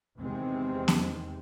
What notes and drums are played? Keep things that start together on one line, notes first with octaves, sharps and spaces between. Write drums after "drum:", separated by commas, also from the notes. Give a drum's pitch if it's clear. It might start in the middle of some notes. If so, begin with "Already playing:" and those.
E2 C3 D#3 G#3 C4
drum: snare B3